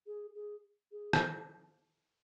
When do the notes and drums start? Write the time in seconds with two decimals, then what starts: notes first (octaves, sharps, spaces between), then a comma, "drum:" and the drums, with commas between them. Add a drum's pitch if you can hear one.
0.06 G#4
0.35 G#4
0.92 G#4
1.13 drum: rim click